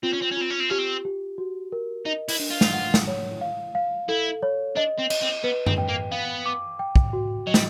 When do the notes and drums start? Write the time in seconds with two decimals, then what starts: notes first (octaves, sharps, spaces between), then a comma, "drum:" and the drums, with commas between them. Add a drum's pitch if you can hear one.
0.03 C4 F4
0.13 C#4
0.21 C4
0.31 C#4
0.37 C4 F4
0.50 C#4
0.60 C4
0.70 C#4 G4
0.78 C4
1.05 G4
1.38 F#4
1.72 A#4
2.05 D#4 D#5
2.29 E4, drum: open hi-hat
2.40 D4
2.51 F4
2.61 drum: snare
2.73 F#5
2.94 drum: snare
3.07 C#5
3.41 F5
3.75 F5
4.09 E4 A4
4.43 C#5
4.76 D4 D#5
4.99 C4
5.10 D#5, drum: cymbal
5.22 C4
5.44 B3 B4
5.66 C4, drum: tom F#2
5.78 G5
5.89 A#3
6.11 B3 F5
6.46 D6
6.79 G5
6.96 drum: kick
7.13 F#4
7.47 F#3 D#5
7.54 G3, drum: snare